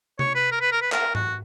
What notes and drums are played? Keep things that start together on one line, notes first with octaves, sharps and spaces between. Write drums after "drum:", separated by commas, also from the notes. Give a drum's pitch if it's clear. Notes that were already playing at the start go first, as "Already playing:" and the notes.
C#5, drum: tom C3
B4
A#4
B4
A#4
B4
A#4, drum: clap
F#4, drum: tom G#2